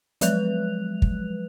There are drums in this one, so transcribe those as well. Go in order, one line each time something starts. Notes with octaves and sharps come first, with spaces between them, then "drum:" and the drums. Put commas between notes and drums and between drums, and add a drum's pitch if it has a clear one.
F3 F#3 G#3 B4 F#6 F7, drum: hi-hat
drum: kick